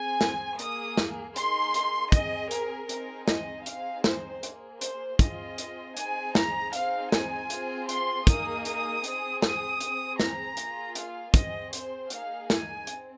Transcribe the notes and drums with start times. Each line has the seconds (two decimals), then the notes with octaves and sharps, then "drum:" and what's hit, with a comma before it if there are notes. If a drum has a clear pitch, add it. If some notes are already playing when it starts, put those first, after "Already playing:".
Already playing: C4 G#4 G#5
0.21 drum: snare
0.59 A#3 G#4 D#6, drum: hi-hat
0.97 drum: snare
1.36 A#3 D#4 G#4 C6, drum: hi-hat
1.74 drum: hi-hat
2.12 C4 G#4 D#5, drum: kick, hi-hat
2.51 A#4, drum: hi-hat
2.89 C4 D#4 G#4 A#4, drum: hi-hat
3.28 D#5, drum: snare
3.66 C4 D#4 G#4 F5, drum: hi-hat
4.04 C5, drum: snare
4.43 A#3 G#4, drum: hi-hat
4.81 C5, drum: hi-hat
5.19 C4 F4 G#4 D#5, drum: kick, hi-hat
5.58 drum: hi-hat
5.97 C4 D#4 G#4 G#5, drum: hi-hat
6.35 A#5, drum: snare
6.73 C4 D#4 G#4 F5, drum: hi-hat
7.12 G#5, drum: snare
7.50 C4 F4 G#4, drum: hi-hat
7.89 C6, drum: hi-hat
8.27 A#3 D#4 G#4 D#6, drum: kick, hi-hat
8.65 D#6, drum: hi-hat
9.04 C4 G#4, drum: hi-hat
9.42 D#6, drum: snare
9.81 C4 G#4, drum: hi-hat
10.20 A#5, drum: snare
10.57 A#3 F4 G#4, drum: hi-hat
10.95 F5, drum: hi-hat
11.34 C4 G#4 D#5, drum: kick, hi-hat
11.73 C5, drum: hi-hat
12.10 A#3 D#4 G#4 F5, drum: hi-hat
12.50 G#5, drum: snare
12.87 C4, drum: hi-hat